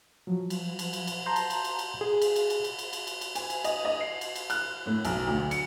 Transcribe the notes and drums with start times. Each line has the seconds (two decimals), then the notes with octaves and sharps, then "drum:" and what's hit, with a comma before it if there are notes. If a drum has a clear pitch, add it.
0.27 F3 F#3
0.50 drum: cymbal
0.79 drum: cymbal
0.93 drum: cymbal
1.07 drum: cymbal
1.26 A5 A#5 C6 G6
1.36 drum: cymbal
1.50 drum: cymbal
1.64 drum: cymbal
1.79 drum: cymbal
2.01 G#4
2.22 drum: cymbal
2.36 drum: cymbal
2.50 drum: cymbal
2.64 drum: cymbal
2.79 drum: cymbal
2.93 drum: cymbal
3.07 drum: cymbal
3.21 drum: cymbal
3.35 G#5, drum: cymbal
3.50 drum: cymbal
3.64 D#5, drum: cymbal
3.85 D#5
4.01 C7
4.21 drum: cymbal
4.36 drum: cymbal
4.50 F#6, drum: cymbal
4.86 A2
5.05 B1, drum: cymbal
5.27 D2
5.51 C#7, drum: cymbal